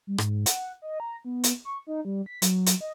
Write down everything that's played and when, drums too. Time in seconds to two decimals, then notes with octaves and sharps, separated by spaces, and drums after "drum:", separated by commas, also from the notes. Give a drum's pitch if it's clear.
0.07 G3
0.18 G#2, drum: rim click
0.46 F#5, drum: hi-hat
0.82 D#5
1.00 A#5
1.25 B3
1.44 drum: hi-hat
1.65 C#6
1.87 D#4
2.05 G3
2.26 B6
2.42 F#3, drum: hi-hat
2.66 drum: hi-hat
2.81 D#5